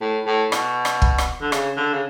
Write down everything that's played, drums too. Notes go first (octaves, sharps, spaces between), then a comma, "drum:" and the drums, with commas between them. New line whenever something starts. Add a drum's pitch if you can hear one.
A2
A2
B2, drum: rim click
drum: rim click
drum: kick
drum: rim click
D3
C#3, drum: rim click
D3
C#3